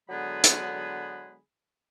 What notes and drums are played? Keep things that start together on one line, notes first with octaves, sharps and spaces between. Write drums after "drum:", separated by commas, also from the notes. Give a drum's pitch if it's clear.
D3 F#3 G#3 B3 G#4 B5
drum: hi-hat